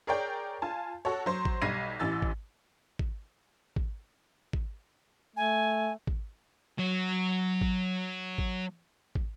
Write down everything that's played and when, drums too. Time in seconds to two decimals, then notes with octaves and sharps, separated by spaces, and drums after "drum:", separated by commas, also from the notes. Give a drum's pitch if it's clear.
0.07 G#4 A#4 C#5 D5 G5 G6
0.62 F4 G#5 A5
1.05 F#4 A4 C#5
1.26 F#3 C5
1.45 drum: kick
1.62 B1 G3 G#6 A#6 C7 D#7
1.99 A1 E3 E6 A6
2.22 drum: kick
2.99 drum: kick
3.76 drum: kick
4.53 drum: kick
5.36 A3 G#5
6.07 drum: kick
6.78 F#3 C#5
7.61 drum: kick
8.38 drum: kick
9.15 drum: kick